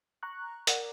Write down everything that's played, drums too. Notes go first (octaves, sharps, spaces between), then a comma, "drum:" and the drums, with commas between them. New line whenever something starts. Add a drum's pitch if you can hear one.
A#5 C#6 F#6
A#4 D5 F#5, drum: hi-hat